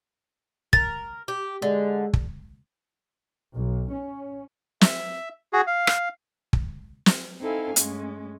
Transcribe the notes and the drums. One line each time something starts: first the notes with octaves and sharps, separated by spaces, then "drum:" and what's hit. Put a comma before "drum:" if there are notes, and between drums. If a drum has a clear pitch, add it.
A#4 A6, drum: kick
G4
D3 G#3
drum: kick
B1
C#4
E5, drum: snare
F#4 G#4
F5
drum: rim click
drum: kick
drum: snare
C4 D#4 E4 A4 F5 G#5
G2 G#3 A3 C#4, drum: hi-hat